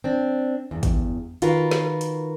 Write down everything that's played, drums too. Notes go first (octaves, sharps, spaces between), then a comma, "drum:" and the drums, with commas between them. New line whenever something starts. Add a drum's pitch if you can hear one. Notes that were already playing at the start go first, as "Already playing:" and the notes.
C4 D4
E2 G2
drum: kick, hi-hat
D#3 F4 F#4 A#4 B4, drum: hi-hat
drum: snare
drum: hi-hat